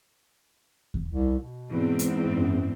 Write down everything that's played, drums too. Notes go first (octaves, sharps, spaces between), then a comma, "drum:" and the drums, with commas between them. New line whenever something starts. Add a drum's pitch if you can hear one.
drum: kick D#2
C2
B2
E2 G#2 C4
drum: hi-hat
F#2